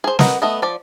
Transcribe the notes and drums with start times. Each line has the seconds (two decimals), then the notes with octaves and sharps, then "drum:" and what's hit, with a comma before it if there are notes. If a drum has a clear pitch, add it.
0.04 G#4 C5
0.19 A#4 B4 D#5 F#5, drum: snare
0.42 A3 B3 D#5
0.62 F3 D5